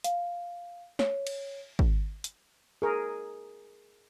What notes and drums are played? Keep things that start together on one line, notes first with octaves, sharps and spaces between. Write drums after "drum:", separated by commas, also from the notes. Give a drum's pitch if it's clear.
F5, drum: hi-hat
C#5, drum: snare
drum: cymbal
drum: kick
drum: hi-hat
G#4 A#4